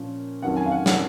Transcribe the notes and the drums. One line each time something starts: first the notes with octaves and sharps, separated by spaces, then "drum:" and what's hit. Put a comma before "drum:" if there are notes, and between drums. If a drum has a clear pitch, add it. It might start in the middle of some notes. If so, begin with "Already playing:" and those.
Already playing: A#2 F3 A#3 C#4
F2 D#3 F#3 C#4 F#5
G#5
F5
F#5
F#5, drum: snare